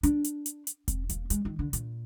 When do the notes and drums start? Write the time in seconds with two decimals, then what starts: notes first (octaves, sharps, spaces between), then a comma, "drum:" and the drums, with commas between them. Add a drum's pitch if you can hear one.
0.03 D4, drum: hi-hat
0.24 drum: hi-hat
0.46 drum: hi-hat
0.67 drum: hi-hat
0.88 C4, drum: kick E1, hi-hat
1.09 A#3, drum: hi-hat
1.30 G#3, drum: hi-hat
1.45 D#3
1.59 D3
1.73 A#2, drum: hi-hat